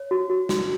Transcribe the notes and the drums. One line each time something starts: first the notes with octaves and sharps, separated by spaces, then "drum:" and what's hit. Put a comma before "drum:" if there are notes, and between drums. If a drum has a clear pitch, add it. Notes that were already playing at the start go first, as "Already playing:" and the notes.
Already playing: C#5
F#4
F#4
F#4, drum: snare